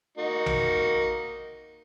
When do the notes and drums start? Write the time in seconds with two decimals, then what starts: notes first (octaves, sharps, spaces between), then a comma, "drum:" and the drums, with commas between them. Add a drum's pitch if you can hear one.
0.17 A#3 D#4 F#4
0.46 drum: tom A#1